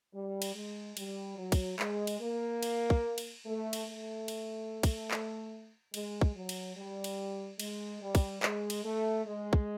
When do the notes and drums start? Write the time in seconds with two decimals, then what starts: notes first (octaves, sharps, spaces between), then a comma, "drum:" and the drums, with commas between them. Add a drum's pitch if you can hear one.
0.14 G3
0.42 drum: cymbal
0.55 G#3
0.97 G3, drum: cymbal
1.38 F#3
1.52 drum: kick, cymbal
1.79 G#3, drum: clap
2.07 drum: cymbal
2.21 A#3
2.63 drum: cymbal
2.90 drum: kick
3.18 drum: cymbal
3.46 A3
3.73 drum: cymbal
3.86 A3
4.28 drum: cymbal
4.83 drum: kick, cymbal
5.11 drum: clap
5.94 G#3, drum: cymbal
6.21 drum: kick
6.36 F#3
6.49 drum: cymbal
6.77 G3
7.04 drum: cymbal
7.60 G#3, drum: cymbal
8.01 G3
8.15 drum: kick, cymbal
8.43 G#3, drum: clap
8.70 drum: cymbal
8.84 A3
9.26 G#3
9.53 drum: kick